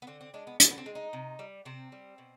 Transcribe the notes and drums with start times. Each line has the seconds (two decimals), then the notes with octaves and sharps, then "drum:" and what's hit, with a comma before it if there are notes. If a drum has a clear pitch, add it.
0.02 B3
0.07 D3 C4
0.21 C4
0.34 G#3 D4
0.47 B3
0.60 D3 B3, drum: hi-hat
0.71 B3
0.78 C4
0.86 G#3
0.95 D#4
1.13 C3
1.39 G3
1.65 C3 C4
1.92 G3
2.18 B2